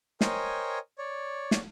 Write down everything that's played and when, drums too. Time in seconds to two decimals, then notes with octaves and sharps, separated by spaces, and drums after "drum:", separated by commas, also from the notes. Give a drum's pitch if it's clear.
0.21 A#4 C5 C#5 D#5 G5 G#5, drum: snare
0.98 C#5 D5
1.51 drum: snare